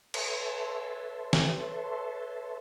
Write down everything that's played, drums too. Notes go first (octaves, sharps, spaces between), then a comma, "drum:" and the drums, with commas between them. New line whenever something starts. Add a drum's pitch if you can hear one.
A4 B4 C#5 E5 A5 C6, drum: cymbal
drum: snare